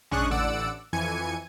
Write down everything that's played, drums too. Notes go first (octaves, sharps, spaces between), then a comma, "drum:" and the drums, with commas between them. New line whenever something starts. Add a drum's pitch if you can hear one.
G#3 C#4 D4 C#6 D#6 F#6, drum: tom
A1 D3 D5 F#5 E6 D7
F2 E3 G#5 G#6 C#7 D#7